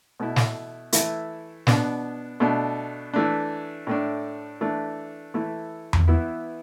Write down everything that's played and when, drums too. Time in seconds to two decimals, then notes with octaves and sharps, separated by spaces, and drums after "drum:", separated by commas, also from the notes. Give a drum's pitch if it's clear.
0.20 B2 A3 E4
0.36 drum: snare
0.93 E3 A3 E4, drum: hi-hat
1.67 B2 B3 D4, drum: snare
2.40 B2 A3 D4
3.14 E3 A3 D4
3.87 A2 A3 D4
4.61 E3 A3 D4
5.34 E3 A3 E4
5.93 drum: tom E2
6.08 E3 B3 E4